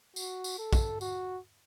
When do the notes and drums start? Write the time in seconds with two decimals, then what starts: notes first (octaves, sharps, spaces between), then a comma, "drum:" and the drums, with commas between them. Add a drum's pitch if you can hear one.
0.16 F#4, drum: tambourine
0.44 drum: tambourine
0.59 A4
0.73 drum: kick, tambourine
1.01 F#4, drum: tambourine